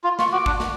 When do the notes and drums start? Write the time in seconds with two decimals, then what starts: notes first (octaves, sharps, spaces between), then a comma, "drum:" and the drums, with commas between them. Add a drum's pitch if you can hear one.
0.04 F4
0.19 F4 C#6, drum: snare
0.32 F#4 D6
0.46 D4, drum: kick
0.60 drum: snare